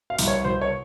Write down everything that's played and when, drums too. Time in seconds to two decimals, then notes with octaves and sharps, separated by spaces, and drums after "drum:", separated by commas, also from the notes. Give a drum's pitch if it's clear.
0.10 F5
0.19 C2, drum: hi-hat
0.27 C#5
0.44 C2 C5
0.61 C#5